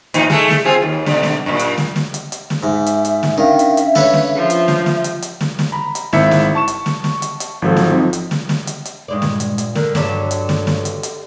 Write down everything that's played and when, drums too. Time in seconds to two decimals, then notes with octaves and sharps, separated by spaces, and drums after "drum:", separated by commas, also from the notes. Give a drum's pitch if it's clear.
0.14 A2 E3 D#4, drum: hi-hat
0.30 G#3 A3, drum: snare
0.50 drum: snare
0.65 C4 F4 G#4
0.82 D#2
1.06 B2 D3, drum: snare
1.23 drum: snare
1.46 F#2 A#2
1.59 drum: hi-hat
1.78 drum: snare
1.96 drum: snare
2.14 drum: hi-hat
2.32 drum: hi-hat
2.50 drum: snare
2.63 G#2 E5
2.86 drum: hi-hat
3.05 drum: hi-hat
3.23 drum: snare
3.38 D#3 C#4 D4 F5
3.59 drum: hi-hat
3.77 drum: hi-hat
3.95 A4 B4 C#5, drum: snare
4.13 drum: snare
4.35 F3
4.50 drum: hi-hat
4.68 drum: snare
4.86 drum: snare
5.04 drum: hi-hat
5.22 drum: hi-hat
5.41 drum: snare
5.59 drum: snare
5.72 A#5 B5
5.95 drum: hi-hat
6.13 G#1 E4 E5 C#7, drum: snare
6.31 drum: snare
6.55 A5 C#6 E7
6.68 drum: hi-hat
6.86 drum: snare
7.04 drum: snare
7.22 drum: hi-hat
7.40 drum: hi-hat
7.62 G#1 F3 F#3 A4
7.77 drum: snare
7.90 F3 C4 D#4
8.13 drum: hi-hat
8.31 drum: snare
8.49 drum: snare
8.67 drum: hi-hat
8.85 drum: hi-hat
9.08 G2 A#2 G#3 D5
9.22 drum: snare
9.40 drum: hi-hat
9.58 drum: hi-hat
9.75 D3 A#4, drum: snare
9.95 G2 D3 F#3 G3 A4, drum: snare
10.31 drum: hi-hat
10.49 drum: snare
10.67 drum: snare
10.85 drum: hi-hat
11.03 drum: hi-hat